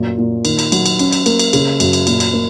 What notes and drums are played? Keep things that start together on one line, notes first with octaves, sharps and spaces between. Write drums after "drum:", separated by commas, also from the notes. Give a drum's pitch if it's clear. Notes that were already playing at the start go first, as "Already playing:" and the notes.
Already playing: F#2 A#2
A#2
D#3, drum: cymbal
drum: cymbal
F#3, drum: cymbal
drum: cymbal
C#4, drum: cymbal
drum: cymbal
A#3, drum: cymbal
drum: cymbal
C#3, drum: cymbal
F#2, drum: cymbal
drum: cymbal
A#2, drum: cymbal
drum: cymbal
A#3